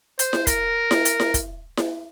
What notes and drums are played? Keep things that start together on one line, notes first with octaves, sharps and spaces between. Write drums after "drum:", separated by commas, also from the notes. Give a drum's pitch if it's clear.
C5, drum: hi-hat
drum: snare E4
A#4, drum: kick, hi-hat
drum: snare E4
drum: hi-hat
drum: snare E4
drum: kick, hi-hat
drum: snare E4